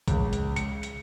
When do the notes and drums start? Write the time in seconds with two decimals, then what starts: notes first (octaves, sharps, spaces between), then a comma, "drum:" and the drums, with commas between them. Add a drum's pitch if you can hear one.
0.08 C#2, drum: kick, hi-hat
0.33 drum: hi-hat
0.56 C#7, drum: hi-hat
0.83 drum: hi-hat